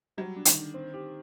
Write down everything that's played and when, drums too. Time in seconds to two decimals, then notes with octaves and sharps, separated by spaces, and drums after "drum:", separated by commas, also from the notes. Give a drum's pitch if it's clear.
0.17 F#3 G3
0.36 D4
0.45 D#3, drum: hi-hat
0.55 D3
0.74 C4
0.94 G4